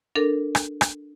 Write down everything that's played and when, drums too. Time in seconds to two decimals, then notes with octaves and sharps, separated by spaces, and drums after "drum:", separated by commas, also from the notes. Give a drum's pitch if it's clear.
0.15 D4 A4 A#4
0.55 drum: rim click
0.81 drum: rim click